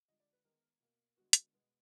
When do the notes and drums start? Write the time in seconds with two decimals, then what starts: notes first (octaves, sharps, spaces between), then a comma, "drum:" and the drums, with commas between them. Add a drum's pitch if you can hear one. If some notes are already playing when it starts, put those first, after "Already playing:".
0.08 D3 F3 G#3 D#5
0.20 D5
0.33 B4
0.44 D#3 G#3 B3 A#4
0.80 B2 A#3
1.16 D3 G#3 B3 F#4
1.33 drum: hi-hat
1.53 B2 G#3 B3